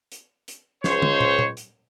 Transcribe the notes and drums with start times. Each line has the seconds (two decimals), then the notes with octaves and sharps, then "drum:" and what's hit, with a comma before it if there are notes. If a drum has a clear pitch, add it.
0.12 drum: hi-hat
0.48 drum: hi-hat
0.84 C#2 C5 C#5, drum: snare
1.02 drum: tom
1.21 drum: tom
1.39 drum: tom
1.57 drum: hi-hat